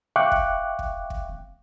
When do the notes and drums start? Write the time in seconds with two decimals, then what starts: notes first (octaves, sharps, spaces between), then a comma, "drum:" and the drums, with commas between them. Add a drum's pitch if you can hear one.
0.16 E5 F5 G5 C#6 D6 F#6
0.32 drum: kick
0.79 drum: kick
1.10 drum: kick